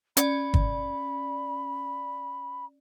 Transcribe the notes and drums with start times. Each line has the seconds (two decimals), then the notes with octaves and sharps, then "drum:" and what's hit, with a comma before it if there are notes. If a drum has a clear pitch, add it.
0.17 C#4 D5 B5, drum: hi-hat
0.54 drum: kick